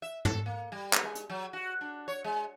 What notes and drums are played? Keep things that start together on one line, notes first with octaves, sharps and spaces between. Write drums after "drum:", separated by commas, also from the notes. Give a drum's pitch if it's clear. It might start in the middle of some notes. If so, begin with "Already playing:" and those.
E5
A4, drum: tom
A#3
G3
drum: clap
G#3
drum: hi-hat
F#3
F#4
D4
C#5
G#3